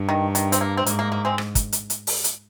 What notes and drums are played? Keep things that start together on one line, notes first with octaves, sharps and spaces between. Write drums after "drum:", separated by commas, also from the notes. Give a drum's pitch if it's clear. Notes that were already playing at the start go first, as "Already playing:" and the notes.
Already playing: G2
D#3
D#3, drum: hi-hat
C4, drum: hi-hat
A#3
C4
G#2 A#3, drum: hi-hat
A#3
A#3
G#3 C4
drum: rim click
drum: kick, hi-hat
drum: hi-hat
drum: hi-hat
drum: open hi-hat
drum: hi-hat